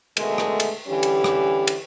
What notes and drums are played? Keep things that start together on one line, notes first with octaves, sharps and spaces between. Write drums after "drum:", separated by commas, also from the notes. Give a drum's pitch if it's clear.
B2 D3 D#3 G#3 A3, drum: cymbal
drum: rim click
drum: cymbal
D3 E3 G3 C#4 G4
drum: cymbal
drum: rim click
drum: cymbal